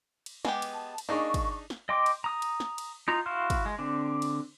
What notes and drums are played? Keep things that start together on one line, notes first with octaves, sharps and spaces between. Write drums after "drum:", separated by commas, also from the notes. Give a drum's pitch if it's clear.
drum: cymbal
G#3 B3 G4 D6, drum: snare
drum: cymbal
A5
drum: cymbal
A#3 D4 D#4 G#4 D#5 C#6 D6
drum: kick, cymbal
drum: snare
D#5 G5 C6 D6
drum: cymbal
A#5 D#6
drum: cymbal
drum: snare
drum: cymbal
D#4 F4 A#5
E4 F#4 F5 C6 F6
drum: kick, cymbal
G#3
D3 C4 D4
drum: cymbal